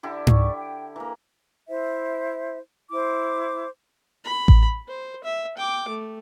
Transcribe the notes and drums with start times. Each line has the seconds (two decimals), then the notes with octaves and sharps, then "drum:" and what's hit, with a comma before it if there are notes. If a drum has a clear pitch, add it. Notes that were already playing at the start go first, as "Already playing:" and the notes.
0.03 D3 E4 G4
0.27 D5 C#6, drum: tom G#2
0.55 G5
0.96 E3 A#3 A#5
1.69 E4 C5 E5
2.91 E4 C5 D6
4.24 B5
4.48 drum: kick A1
4.88 C5
5.24 E5
5.57 G5 D6
5.88 A3